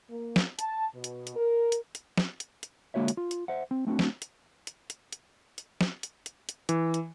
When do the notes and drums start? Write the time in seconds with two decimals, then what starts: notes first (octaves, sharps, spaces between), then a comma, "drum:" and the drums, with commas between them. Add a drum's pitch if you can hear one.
0.10 A#3
0.36 drum: snare
0.59 A5, drum: hi-hat
0.95 B2
1.04 drum: hi-hat
1.27 drum: hi-hat
1.36 A#4
1.72 drum: hi-hat
1.95 drum: hi-hat
2.17 drum: snare
2.40 drum: hi-hat
2.63 drum: hi-hat
2.94 D3 G#3 A#3 F#4 C#5 E5
3.08 drum: hi-hat
3.17 F4
3.31 drum: hi-hat
3.48 C5 E5 F#5
3.71 C4
3.87 A3 C4 D4 F#4
3.99 drum: snare
4.22 drum: hi-hat
4.67 drum: hi-hat
4.90 drum: hi-hat
5.13 drum: hi-hat
5.58 drum: hi-hat
5.81 drum: snare
6.03 drum: hi-hat
6.26 drum: hi-hat
6.49 drum: hi-hat
6.69 E3, drum: hi-hat
6.94 drum: hi-hat